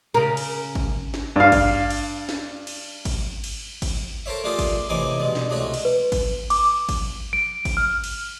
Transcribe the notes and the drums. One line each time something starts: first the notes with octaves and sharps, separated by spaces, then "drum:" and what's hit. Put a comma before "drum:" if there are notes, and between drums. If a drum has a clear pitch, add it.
C#3 A#4
drum: cymbal
drum: kick G#1
drum: snare
G2 F5
drum: kick G#1, cymbal
drum: cymbal
drum: snare
drum: cymbal
drum: kick G#1, cymbal
drum: cymbal
drum: kick G#1, cymbal
A4 A#4 C5 C#5 E5
A3 D4 F4 G4 G#4 A#4
drum: kick G#1, cymbal
A2 C3 E3 D#4 G#5 D6
G2 B2 G#3
drum: snare
C2 G#3 A3 F#4 C#5
drum: cymbal
B4
drum: kick G#1, cymbal
D6, drum: cymbal
drum: kick G#1, cymbal
D7
drum: kick G#1, cymbal
F6
drum: cymbal